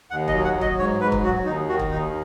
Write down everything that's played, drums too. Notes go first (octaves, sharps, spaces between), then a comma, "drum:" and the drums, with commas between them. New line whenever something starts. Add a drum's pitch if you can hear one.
D#2 F#5
D#5, drum: kick
F#3
F#5
F#3
D#5, drum: kick
G#2 C#5
G#2 B4
drum: kick
F#3 F#4
D#2 D#4
D#3 F#4
drum: kick
D#2 D#4